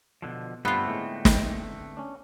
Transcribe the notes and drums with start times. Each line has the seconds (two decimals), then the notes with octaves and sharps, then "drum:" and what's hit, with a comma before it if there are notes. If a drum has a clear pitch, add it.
0.22 B2 D3 F3
0.65 G2 D3 A3 B3 C4 F4
0.86 A2 G#3
1.25 drum: snare
1.97 C#4 D4